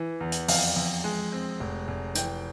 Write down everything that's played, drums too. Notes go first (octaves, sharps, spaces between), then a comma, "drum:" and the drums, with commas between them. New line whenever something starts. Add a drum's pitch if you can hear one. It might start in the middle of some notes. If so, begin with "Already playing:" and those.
Already playing: E3
E2
drum: hi-hat
F2 F5, drum: open hi-hat
F2
G#3
C4
F1
F1
E3 G5, drum: hi-hat